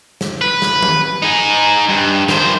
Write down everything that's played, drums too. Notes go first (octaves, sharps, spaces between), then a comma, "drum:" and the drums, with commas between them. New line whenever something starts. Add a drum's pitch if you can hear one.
drum: snare
B4
drum: snare
drum: tom D#3
D#4 G#4
G2
D#3 C5, drum: snare